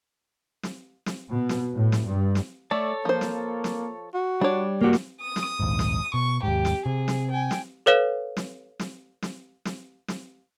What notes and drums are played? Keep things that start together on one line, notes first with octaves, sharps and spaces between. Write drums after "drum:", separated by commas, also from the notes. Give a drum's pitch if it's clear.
drum: snare
drum: snare
B2
drum: snare
A2
drum: snare
G2
drum: snare
A3 A4 C#5 D5 A5
F3 A#3 C5
drum: snare
drum: snare
F#4
G3 D4 C#5 D6
A#3 F#4 G4
drum: snare
D#6
drum: snare
A#1 D#2 G#2
drum: snare
B2 C#6
D#2 G#2 G4
drum: snare
C3 G#4
drum: snare
G5 G#5
drum: snare
A4 B4 C#5 F5 E7
drum: snare
drum: snare
drum: snare
drum: snare
drum: snare